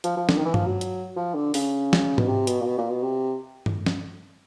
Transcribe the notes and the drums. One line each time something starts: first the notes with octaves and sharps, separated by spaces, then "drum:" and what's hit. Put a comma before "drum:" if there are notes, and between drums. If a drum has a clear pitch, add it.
F3, drum: hi-hat
F3
D3, drum: snare
D#3
E3
F3, drum: tom G2
F#3
drum: hi-hat
F3
D3
C#3, drum: open hi-hat
drum: snare
B2, drum: tom G#2
C3
B2, drum: hi-hat
A#2
B2
A#2
B2
C3
drum: tom G2
drum: snare